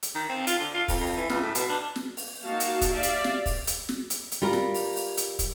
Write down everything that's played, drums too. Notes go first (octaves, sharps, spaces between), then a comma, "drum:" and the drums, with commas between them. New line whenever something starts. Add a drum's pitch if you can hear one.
drum: hi-hat
D#3
C4
F4, drum: hi-hat
D3
F4
F2, drum: kick, open hi-hat
F2
E3
C#2, drum: snare
A2
B2, drum: hi-hat
D4
drum: snare
drum: open hi-hat
A#3 D#4 F#4 F5 A5
drum: hi-hat
drum: kick, hi-hat
G4 D5 E5 F5
drum: hi-hat
drum: snare
drum: kick, open hi-hat
drum: hi-hat
drum: snare
drum: hi-hat
drum: hi-hat
G3 F4 A#4
drum: snare
drum: open hi-hat
drum: open hi-hat
drum: hi-hat
drum: kick, hi-hat